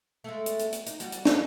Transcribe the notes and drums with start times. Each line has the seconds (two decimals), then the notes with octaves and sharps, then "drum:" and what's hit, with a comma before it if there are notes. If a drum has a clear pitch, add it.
0.24 G#3 A3
0.46 drum: hi-hat
0.59 drum: hi-hat
0.73 drum: hi-hat
0.86 D#4, drum: hi-hat
1.00 G3 F#4 G4, drum: hi-hat
1.12 drum: hi-hat
1.25 F2, drum: snare